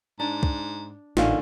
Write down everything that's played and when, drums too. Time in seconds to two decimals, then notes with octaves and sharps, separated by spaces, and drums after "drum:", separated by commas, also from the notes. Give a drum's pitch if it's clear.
0.20 G#2 D4
0.43 drum: kick
1.17 A1 A#2 D3 C#4 D#4 F5, drum: snare